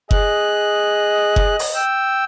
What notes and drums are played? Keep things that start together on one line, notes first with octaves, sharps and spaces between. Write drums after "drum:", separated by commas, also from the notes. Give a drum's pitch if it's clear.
G#4 D#5 F#6, drum: kick F#1
drum: kick F#1
drum: open hi-hat
G5 E6